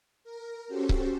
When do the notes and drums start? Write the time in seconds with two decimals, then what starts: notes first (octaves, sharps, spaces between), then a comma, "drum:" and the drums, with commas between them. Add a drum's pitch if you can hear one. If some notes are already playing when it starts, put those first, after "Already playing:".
0.24 A#4
0.68 C#4 F#4 G4 A4 C5
0.89 drum: kick C#1